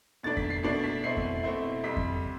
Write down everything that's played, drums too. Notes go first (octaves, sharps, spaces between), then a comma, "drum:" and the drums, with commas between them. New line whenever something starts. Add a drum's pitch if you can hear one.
B2 A3 D4 A6
B6, drum: kick F2
C7
B2 A3 D4 C7
B6
B2 A3 C4 E4 C7
drum: kick F2
B2 A3 C4 E4
F2 C3 G3 B6
drum: kick F2